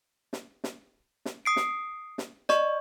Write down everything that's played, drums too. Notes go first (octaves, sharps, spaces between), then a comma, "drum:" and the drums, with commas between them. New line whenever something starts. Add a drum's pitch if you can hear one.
drum: snare
drum: snare
drum: snare
D#6 C7 D7
drum: snare
drum: snare
D5 D#5 C#6, drum: snare